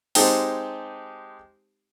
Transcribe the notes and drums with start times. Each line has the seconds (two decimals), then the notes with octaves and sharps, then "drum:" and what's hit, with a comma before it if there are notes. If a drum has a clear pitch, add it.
0.15 G#3 C4 D#4 G4 A5, drum: open hi-hat